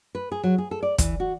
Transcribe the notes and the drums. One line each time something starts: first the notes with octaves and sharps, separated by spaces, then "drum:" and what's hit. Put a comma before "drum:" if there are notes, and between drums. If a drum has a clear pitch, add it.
B4
G#4
F#3
G#4
A4
D5
E3, drum: kick, hi-hat
F#4